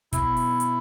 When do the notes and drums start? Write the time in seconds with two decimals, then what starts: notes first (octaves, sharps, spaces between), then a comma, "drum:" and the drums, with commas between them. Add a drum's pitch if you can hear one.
0.13 B2 E4, drum: kick, hi-hat
0.37 drum: open hi-hat
0.60 drum: hi-hat